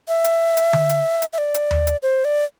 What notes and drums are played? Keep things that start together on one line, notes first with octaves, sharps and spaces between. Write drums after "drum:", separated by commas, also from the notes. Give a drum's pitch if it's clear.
E5
drum: hi-hat
drum: hi-hat
drum: tom D3
drum: hi-hat
drum: hi-hat
E5
D5
drum: hi-hat
drum: tom D#2
drum: hi-hat
C5
D5